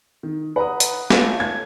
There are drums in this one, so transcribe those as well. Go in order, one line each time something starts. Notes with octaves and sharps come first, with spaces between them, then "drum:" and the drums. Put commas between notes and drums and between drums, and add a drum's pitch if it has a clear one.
D#3
B4 F#5 A#5 D#6
drum: hi-hat
A3 C#4 F4, drum: snare
G#6